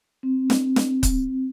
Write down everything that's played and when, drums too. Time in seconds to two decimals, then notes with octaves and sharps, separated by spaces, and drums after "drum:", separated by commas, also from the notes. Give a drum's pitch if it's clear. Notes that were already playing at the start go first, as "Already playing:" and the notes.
0.23 C4
0.50 drum: snare
0.76 drum: snare
1.03 drum: kick C#1, hi-hat